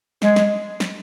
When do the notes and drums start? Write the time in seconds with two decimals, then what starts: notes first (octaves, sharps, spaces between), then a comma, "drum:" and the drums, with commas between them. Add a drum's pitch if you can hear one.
0.22 G#3, drum: snare
0.36 drum: snare
0.80 drum: snare